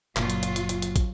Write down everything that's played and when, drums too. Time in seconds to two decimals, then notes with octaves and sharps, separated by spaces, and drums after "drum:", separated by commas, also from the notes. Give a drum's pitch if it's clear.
0.16 F#1 A#2 F#3 F4, drum: clap
0.30 drum: hi-hat
0.43 drum: hi-hat
0.56 drum: hi-hat
0.69 drum: hi-hat
0.82 drum: hi-hat
0.96 drum: kick, hi-hat